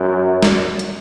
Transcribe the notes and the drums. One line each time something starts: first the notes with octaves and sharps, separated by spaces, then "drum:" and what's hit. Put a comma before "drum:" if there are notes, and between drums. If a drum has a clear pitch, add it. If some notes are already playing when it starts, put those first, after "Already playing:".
Already playing: F#2
drum: snare
drum: hi-hat